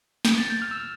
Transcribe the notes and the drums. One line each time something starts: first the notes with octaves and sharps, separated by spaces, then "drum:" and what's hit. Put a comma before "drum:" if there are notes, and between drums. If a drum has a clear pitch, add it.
G6, drum: snare
A6
G6
F6
E6